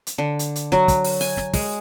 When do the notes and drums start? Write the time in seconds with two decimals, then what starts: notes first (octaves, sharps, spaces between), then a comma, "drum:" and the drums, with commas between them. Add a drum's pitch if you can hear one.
0.07 drum: hi-hat
0.18 D3
0.39 drum: hi-hat
0.56 drum: hi-hat
0.72 F#3, drum: snare
0.88 drum: kick, hi-hat
1.04 drum: open hi-hat
1.21 G#5, drum: open hi-hat
1.37 drum: snare
1.54 G#3, drum: kick, open hi-hat